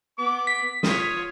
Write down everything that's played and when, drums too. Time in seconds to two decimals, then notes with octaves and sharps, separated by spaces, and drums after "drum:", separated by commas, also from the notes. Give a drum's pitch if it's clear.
0.18 B3 D6
0.47 B6
0.83 F4 C#5 D#6, drum: snare